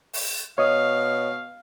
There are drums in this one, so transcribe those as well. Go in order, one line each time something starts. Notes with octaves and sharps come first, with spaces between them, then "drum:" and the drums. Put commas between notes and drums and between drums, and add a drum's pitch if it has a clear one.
drum: open hi-hat
B2 C#5 D#5 F5 D#6